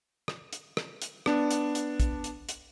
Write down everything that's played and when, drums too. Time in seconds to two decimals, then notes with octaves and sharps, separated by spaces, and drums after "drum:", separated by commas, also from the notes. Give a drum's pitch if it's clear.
0.28 drum: rim click
0.53 drum: hi-hat
0.77 drum: rim click
1.02 drum: hi-hat
1.26 B3 D4, drum: rim click
1.51 drum: hi-hat
1.75 drum: hi-hat
2.00 drum: kick, hi-hat
2.24 drum: hi-hat
2.49 drum: hi-hat